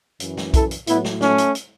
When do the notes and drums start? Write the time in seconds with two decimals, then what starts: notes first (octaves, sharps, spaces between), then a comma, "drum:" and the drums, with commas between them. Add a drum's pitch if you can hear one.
0.20 F#2 E3, drum: hi-hat
0.37 drum: snare
0.54 E4 A4, drum: kick B1, hi-hat
0.71 drum: hi-hat
0.87 A2 F#3 B3 E4, drum: hi-hat
1.05 drum: snare
1.21 A3 C#4, drum: snare
1.38 drum: hi-hat
1.55 drum: hi-hat